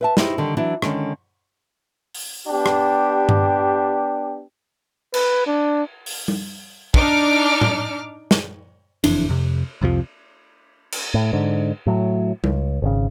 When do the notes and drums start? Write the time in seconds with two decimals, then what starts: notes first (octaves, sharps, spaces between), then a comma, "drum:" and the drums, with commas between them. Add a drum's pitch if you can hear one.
0.01 B4 E5 A5
0.17 D#4 E4 G4 C5, drum: snare
0.38 D3 D#3 G3 A4
0.57 E3 F#3 D4 E4
0.82 D3 D#3 G#3 C#4, drum: rim click
2.14 drum: open hi-hat
2.47 B3 D4 G4
2.66 drum: rim click
3.29 drum: tom G2
5.14 B4, drum: cymbal
5.47 D4
6.06 drum: open hi-hat
6.28 drum: tom G3
6.94 D4 D#4 D6 F6, drum: kick
7.61 drum: tom A2
8.31 drum: snare
9.04 F#1 F2 E3 D4, drum: cymbal
9.29 F2 C3
9.81 C2 F2 C3 F3
10.92 drum: cymbal
11.14 A2
11.33 G#2 D3
11.87 A2 F#3
12.44 C#2, drum: tom G3
12.82 G#1 C#3